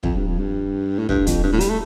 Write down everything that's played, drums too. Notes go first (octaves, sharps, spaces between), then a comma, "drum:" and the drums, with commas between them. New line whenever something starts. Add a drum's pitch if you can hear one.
F2, drum: kick
G2
F2
G2
A2
G2, drum: kick
F2, drum: kick, hi-hat
G2
A2
G3, drum: hi-hat
A3